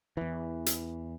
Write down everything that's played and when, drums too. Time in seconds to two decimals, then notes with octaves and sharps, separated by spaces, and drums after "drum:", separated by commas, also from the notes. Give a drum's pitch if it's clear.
0.17 E2 E3
0.66 drum: hi-hat